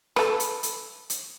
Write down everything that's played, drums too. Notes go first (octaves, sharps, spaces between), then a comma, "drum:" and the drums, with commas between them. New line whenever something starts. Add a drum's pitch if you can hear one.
A4 B4, drum: rim click
drum: hi-hat
drum: hi-hat
drum: hi-hat